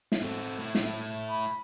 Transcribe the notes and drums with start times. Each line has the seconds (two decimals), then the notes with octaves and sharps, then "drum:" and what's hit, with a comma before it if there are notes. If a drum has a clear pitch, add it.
0.12 drum: snare
0.22 C4 F#4 A4
0.59 A3 E4
0.75 drum: snare
1.29 B5